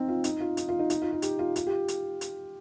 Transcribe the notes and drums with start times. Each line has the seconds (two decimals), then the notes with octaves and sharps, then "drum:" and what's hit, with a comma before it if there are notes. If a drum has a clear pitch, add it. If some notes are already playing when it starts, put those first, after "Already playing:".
Already playing: C4 D#4
0.08 F4
0.24 D#4, drum: hi-hat
0.40 F4
0.57 D#4, drum: hi-hat
0.69 F4
0.79 D#4
0.90 D#4, drum: hi-hat
1.02 F4
1.12 F4
1.22 G4, drum: hi-hat
1.39 F4
1.56 F4, drum: hi-hat
1.67 G4
1.88 drum: hi-hat
2.21 drum: hi-hat